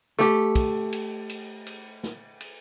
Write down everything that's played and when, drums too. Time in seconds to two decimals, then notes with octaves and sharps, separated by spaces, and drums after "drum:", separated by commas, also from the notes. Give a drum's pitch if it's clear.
0.19 A3 G4, drum: snare
0.56 drum: kick, cymbal
0.93 drum: cymbal
1.29 drum: cymbal
1.66 drum: cymbal
2.03 drum: snare
2.40 drum: cymbal